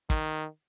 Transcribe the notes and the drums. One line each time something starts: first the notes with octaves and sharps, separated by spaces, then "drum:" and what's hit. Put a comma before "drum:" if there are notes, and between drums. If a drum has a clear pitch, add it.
D#3, drum: kick, hi-hat